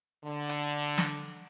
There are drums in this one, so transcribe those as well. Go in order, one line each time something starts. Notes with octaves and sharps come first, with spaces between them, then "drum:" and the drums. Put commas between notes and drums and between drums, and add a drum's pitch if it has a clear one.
D3
drum: hi-hat
drum: snare